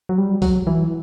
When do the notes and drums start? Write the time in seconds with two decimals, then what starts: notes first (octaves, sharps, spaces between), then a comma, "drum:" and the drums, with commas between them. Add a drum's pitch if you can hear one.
0.09 F#3
0.18 G3
0.42 F#3, drum: kick C2, open hi-hat
0.67 E3